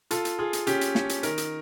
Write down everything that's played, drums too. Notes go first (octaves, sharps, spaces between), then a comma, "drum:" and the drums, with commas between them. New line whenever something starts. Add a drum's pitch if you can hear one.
F4 A4, drum: hi-hat
drum: hi-hat
F4 G#4
drum: hi-hat
C#4 G4, drum: hi-hat
drum: hi-hat
C#4, drum: snare
drum: hi-hat
D#3 A#4, drum: hi-hat
drum: hi-hat